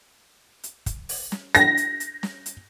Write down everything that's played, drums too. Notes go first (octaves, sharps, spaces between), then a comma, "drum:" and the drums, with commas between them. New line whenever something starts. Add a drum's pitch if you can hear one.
drum: hi-hat
drum: kick, hi-hat
drum: open hi-hat
drum: snare
A#6, drum: hi-hat
drum: hi-hat
drum: hi-hat
drum: snare
drum: hi-hat